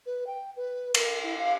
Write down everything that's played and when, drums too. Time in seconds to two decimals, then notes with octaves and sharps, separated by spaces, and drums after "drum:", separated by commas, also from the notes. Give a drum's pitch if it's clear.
0.06 B4
0.27 G5
0.56 B4
0.94 A#4, drum: cymbal
1.23 E4
1.38 F5